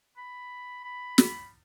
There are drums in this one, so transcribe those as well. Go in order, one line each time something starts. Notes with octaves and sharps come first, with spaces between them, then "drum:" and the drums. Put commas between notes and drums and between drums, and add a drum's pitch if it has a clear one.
B5
B5
drum: snare